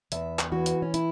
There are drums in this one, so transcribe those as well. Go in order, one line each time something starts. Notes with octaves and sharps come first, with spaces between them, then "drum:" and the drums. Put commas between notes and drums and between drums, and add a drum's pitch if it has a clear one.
E2 E5, drum: hi-hat
drum: clap
E3 F#4
drum: hi-hat
C#4
E4, drum: hi-hat